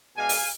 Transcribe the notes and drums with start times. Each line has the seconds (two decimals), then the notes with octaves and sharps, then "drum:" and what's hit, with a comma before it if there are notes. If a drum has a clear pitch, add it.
0.16 B2 G#3 D4 F5 G#5
0.29 drum: open hi-hat